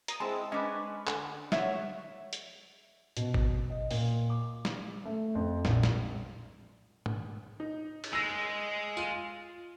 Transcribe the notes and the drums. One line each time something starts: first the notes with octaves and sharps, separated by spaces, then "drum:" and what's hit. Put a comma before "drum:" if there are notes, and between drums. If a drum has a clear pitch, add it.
A#5 D#6 G#6, drum: hi-hat
G#3 C4 E4 A5
G#3 C#4 D4 B4
D3, drum: clap
C#5 E5 F#5 E7, drum: snare
drum: hi-hat
B2, drum: hi-hat
drum: kick
D#5
A#2, drum: open hi-hat
D6
drum: snare
A3
F2
A#1, drum: snare
drum: snare
drum: tom
D#4
drum: cymbal
G#3 E6 A#6
F4 D#7, drum: tambourine